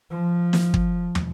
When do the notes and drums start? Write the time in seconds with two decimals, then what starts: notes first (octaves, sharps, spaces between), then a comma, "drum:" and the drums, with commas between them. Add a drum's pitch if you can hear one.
0.12 F3
0.53 drum: snare
0.74 drum: kick
1.15 drum: tom